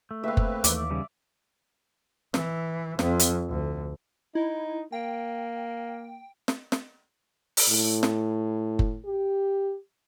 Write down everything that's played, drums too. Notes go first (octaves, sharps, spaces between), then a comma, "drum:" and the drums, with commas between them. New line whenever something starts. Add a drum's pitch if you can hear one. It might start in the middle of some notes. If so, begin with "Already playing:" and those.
A3
A#3 C4 B4 E5 F5
drum: kick F#1
D#2 E3 D5, drum: hi-hat
C#3 G3
E3, drum: snare
F2, drum: snare
drum: hi-hat
D2
D#4 E4
A#3 G5
drum: snare
drum: snare
drum: open hi-hat
A2
drum: snare
drum: kick F#1
G4